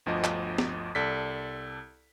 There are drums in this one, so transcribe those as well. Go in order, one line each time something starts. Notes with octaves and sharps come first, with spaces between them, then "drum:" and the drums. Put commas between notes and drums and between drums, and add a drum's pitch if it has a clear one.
G1 D2 F3 D#5
drum: clap
drum: snare
C2 A4 D5 B6